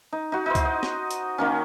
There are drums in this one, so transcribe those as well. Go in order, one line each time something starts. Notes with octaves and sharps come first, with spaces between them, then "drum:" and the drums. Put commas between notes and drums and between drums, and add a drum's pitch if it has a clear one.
D#4
D#4 F#4
D#4 E4 C5
drum: kick C#2, hi-hat
D#5
drum: snare
drum: hi-hat
D#3 A#3 C#4